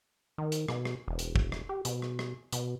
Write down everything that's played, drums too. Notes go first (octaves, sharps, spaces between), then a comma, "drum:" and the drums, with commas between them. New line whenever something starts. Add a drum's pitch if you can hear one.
D#3
drum: hi-hat
B2, drum: rim click
drum: rim click
E1
drum: hi-hat
drum: kick
drum: rim click
G4
B2, drum: hi-hat
drum: rim click
drum: rim click
B2, drum: hi-hat